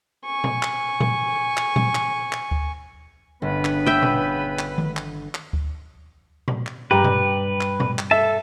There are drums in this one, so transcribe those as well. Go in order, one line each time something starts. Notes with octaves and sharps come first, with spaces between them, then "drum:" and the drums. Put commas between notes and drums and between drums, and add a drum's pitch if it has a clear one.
G#5 C#6
drum: tom A#2
drum: clap
drum: tom A#2
drum: clap
drum: tom A#2
drum: clap
drum: clap
drum: kick D2
G1 C#3 B3 B4
drum: clap
E5 G5
drum: tom A#2
drum: clap
drum: tom D#3
drum: clap
drum: clap
drum: kick D2
drum: tom A#2
drum: clap
G2 G3 G4 B4 A#5
drum: tom A#2
drum: clap
drum: tom A#2
drum: clap
A4 E5 A5